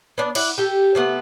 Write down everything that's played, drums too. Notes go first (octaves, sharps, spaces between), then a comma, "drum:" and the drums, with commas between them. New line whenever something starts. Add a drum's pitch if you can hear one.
B3 D4
E4 D5 F#5, drum: cymbal
G4 A4
C3 A3 B3